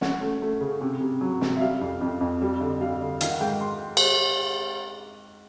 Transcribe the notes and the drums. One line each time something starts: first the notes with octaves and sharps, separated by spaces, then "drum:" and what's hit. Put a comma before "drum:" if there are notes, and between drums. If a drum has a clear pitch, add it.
C#4 F#5, drum: snare
A3
A3
C#3
C3
C3
F#3
C3, drum: snare
E5
G3 F5
F2
F2
F2
G3
D3
G3 F5
D3
D#3 F5, drum: hi-hat
F#5
G#2 G5
C6
drum: cymbal